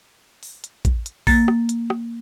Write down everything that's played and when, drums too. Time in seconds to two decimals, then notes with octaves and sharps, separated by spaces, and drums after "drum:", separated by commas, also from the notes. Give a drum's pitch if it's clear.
0.43 drum: open hi-hat
0.64 drum: hi-hat
0.85 drum: kick, hi-hat
1.06 drum: hi-hat
1.27 A#3 A6, drum: kick, open hi-hat
1.48 drum: rim click
1.69 drum: hi-hat
1.90 drum: rim click